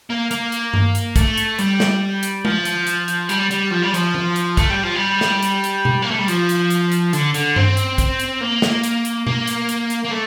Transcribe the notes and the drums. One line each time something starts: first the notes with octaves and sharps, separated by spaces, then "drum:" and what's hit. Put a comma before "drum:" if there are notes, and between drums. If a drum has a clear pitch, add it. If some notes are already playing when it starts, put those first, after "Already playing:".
A#3
A#3, drum: hi-hat
drum: hi-hat
drum: tom G2
drum: hi-hat
A3, drum: kick, hi-hat
drum: hi-hat
G3, drum: hi-hat
drum: snare
drum: hi-hat
F3, drum: tom G#3
drum: hi-hat
drum: hi-hat
drum: hi-hat
G3, drum: hi-hat
G3, drum: hi-hat
F3
G3
F3, drum: hi-hat
drum: tom E3
drum: hi-hat
A3, drum: kick, hi-hat
G3
F3
G3
drum: snare
drum: hi-hat
drum: hi-hat
drum: tom B2
A#3
A3
G3
F3, drum: hi-hat
drum: hi-hat
drum: hi-hat
drum: hi-hat
D3, drum: hi-hat
D3, drum: hi-hat
C4, drum: tom G2
drum: hi-hat
drum: kick, hi-hat
drum: hi-hat
A#3
drum: snare
drum: hi-hat
drum: hi-hat
A#3, drum: tom B2
drum: hi-hat
drum: hi-hat
drum: hi-hat
A#3
A3